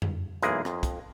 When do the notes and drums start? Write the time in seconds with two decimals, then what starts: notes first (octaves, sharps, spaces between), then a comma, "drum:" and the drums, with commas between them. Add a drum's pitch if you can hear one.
0.02 drum: tom F2
0.42 B1 E3 G#3 A#3 G#4, drum: hi-hat
0.65 F2, drum: rim click
0.83 drum: kick, hi-hat